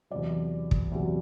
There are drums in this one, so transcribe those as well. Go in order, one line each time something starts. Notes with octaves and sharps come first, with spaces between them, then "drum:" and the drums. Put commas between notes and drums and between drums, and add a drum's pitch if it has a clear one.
E2 C3 F#3 D5
drum: kick
E2 C3 F#3